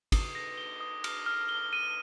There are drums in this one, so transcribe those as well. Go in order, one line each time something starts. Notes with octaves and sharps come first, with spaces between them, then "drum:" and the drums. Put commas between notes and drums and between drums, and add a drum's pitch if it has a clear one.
D#6, drum: kick, cymbal
A#6
G7
D#6
F6, drum: cymbal
F6
G7
D#7